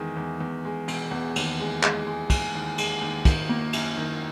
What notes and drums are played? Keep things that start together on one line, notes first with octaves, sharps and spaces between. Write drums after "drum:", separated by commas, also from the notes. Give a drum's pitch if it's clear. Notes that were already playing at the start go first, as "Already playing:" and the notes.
Already playing: E2 D#3 G#3
E2
E2
G#3
E1, drum: cymbal
E2
D#2, drum: cymbal
G#3
G#3, drum: clap
G#3
G#3, drum: kick, cymbal
D#2
G#3, drum: cymbal
D#2
D#3, drum: kick, cymbal
A#3
F#2, drum: cymbal
D#3